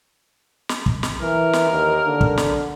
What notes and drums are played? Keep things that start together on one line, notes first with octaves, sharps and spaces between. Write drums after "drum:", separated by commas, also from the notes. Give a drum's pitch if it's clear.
drum: snare
drum: kick
drum: snare
E3 A#4
drum: snare
D#2
D3
drum: kick
drum: snare